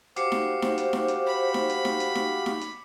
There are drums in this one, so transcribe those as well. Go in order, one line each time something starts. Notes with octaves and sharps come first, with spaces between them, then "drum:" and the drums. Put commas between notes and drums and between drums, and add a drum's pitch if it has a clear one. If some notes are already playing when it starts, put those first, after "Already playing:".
F#4 G4 C5 F5 D6 C7 C#7, drum: hi-hat
drum: snare D#4
drum: snare D#4
drum: hi-hat
drum: snare D#4
drum: hi-hat
B5
drum: snare D#4
drum: hi-hat
drum: snare D#4
drum: hi-hat
drum: snare D#4
drum: snare D#4
drum: hi-hat